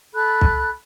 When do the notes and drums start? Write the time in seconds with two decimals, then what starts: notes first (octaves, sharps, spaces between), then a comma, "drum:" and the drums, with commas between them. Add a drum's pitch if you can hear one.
0.14 A4 B5 F#6
0.41 drum: kick